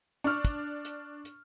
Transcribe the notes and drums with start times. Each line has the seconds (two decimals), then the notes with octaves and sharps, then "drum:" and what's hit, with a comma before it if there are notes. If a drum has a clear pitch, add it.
0.24 D4 C#6 F6
0.45 drum: kick, hi-hat
0.85 drum: hi-hat
1.25 drum: hi-hat